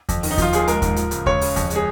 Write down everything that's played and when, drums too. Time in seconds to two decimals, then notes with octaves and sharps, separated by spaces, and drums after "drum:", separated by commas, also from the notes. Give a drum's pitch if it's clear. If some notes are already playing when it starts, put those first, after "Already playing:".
0.09 F2, drum: kick D#2, hi-hat
0.23 D#3, drum: open hi-hat
0.31 D#4
0.38 F3 F4, drum: kick D#2, hi-hat
0.53 D#2 G#4, drum: hi-hat
0.67 G#3 A#4, drum: hi-hat
0.82 G#2, drum: kick D#2, hi-hat
0.96 F3, drum: hi-hat
1.11 C#2, drum: hi-hat
1.26 C#2 C#5, drum: kick D#2
1.41 C#3, drum: open hi-hat
1.56 F2, drum: kick D#2, hi-hat
1.70 G#3, drum: hi-hat
1.76 G#4